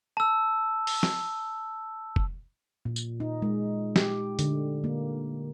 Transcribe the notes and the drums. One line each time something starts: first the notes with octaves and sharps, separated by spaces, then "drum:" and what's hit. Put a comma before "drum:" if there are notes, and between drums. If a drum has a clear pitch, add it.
A5 E6
drum: open hi-hat
drum: snare
drum: kick F1
A#2
drum: tambourine
D#4
G#3
G4, drum: snare
D3, drum: hi-hat
A#3